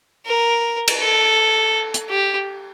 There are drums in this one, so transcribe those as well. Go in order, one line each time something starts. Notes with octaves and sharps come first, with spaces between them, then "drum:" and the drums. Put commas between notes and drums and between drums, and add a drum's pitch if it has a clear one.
A#4
drum: cymbal
A4
drum: hi-hat
G4